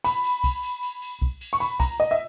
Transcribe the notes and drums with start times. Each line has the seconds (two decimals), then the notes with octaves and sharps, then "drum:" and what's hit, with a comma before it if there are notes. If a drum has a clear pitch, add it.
0.04 B5, drum: cymbal
0.24 drum: cymbal
0.44 drum: kick B1, cymbal
0.63 drum: cymbal
0.83 drum: cymbal
1.02 drum: cymbal
1.22 drum: kick B1
1.41 drum: cymbal
1.53 C#6
1.60 B5, drum: cymbal
1.80 A#5, drum: kick B1, cymbal
2.00 D#5
2.11 E5